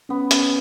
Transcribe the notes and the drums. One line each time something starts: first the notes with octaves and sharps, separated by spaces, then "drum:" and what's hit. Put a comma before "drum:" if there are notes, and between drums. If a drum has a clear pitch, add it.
B3 C#4
C#4, drum: hi-hat